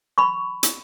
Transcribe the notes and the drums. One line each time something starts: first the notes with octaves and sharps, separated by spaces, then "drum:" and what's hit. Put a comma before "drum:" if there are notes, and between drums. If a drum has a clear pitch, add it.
B5 C#6
drum: hi-hat